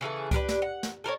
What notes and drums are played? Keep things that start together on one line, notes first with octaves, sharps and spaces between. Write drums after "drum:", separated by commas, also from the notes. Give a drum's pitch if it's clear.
C#3 E3 G#4 A4
D4 G4 A#4 B4, drum: kick C#2, hi-hat
drum: snare
F#5
drum: snare
A4 A#4 C5 C#5